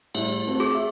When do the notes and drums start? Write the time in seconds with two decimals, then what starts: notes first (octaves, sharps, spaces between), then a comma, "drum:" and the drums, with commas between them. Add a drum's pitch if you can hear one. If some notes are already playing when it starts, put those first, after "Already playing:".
0.15 A2 G3 E5, drum: cymbal
0.47 A3 C4 F#4
0.60 G#4
0.75 E5